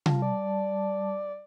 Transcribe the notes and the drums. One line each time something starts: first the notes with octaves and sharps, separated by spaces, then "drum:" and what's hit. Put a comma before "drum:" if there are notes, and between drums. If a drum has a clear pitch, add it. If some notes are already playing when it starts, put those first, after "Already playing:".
G3 F4 A5, drum: tom C3
D5